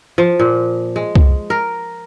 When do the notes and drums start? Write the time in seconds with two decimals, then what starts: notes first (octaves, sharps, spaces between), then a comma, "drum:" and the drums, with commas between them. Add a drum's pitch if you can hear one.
0.18 F3
0.39 A#2
0.96 G#3
1.15 drum: kick C2
1.50 A#4